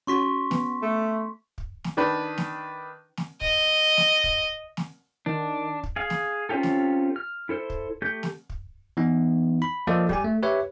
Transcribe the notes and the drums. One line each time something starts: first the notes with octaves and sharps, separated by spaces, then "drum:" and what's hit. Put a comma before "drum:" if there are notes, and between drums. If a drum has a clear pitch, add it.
C#4 F#4 C6 C#6 B6
B3, drum: snare
A3
drum: kick
drum: snare
D#3 D4 B4
drum: snare
drum: snare
D#5, drum: kick
drum: snare
drum: kick
drum: snare
D#3 D4
drum: kick
G#4 F5
drum: snare
C4 C#4 F4 G4 A4
drum: snare
F6
E4 A4 C5
drum: kick
A3 G4 G6
drum: snare
drum: kick
E3 B3 D#4
B5
F3 A#3 A4 D5 D#5
G3 G4 G#5, drum: kick
A3
G4 B4 C#5 E5